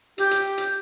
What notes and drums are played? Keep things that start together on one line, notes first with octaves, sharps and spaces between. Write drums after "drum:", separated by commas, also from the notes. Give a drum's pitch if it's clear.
G4, drum: hi-hat
drum: hi-hat
drum: hi-hat